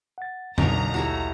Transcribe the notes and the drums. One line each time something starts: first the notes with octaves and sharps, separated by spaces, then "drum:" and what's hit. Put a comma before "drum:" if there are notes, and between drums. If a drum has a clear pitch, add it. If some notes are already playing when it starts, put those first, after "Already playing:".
F#5 A6
B1 B2 D3 B3 D#4 A#4 A#5, drum: tom F2
A#1 D#2 A3 E4 F#4 G4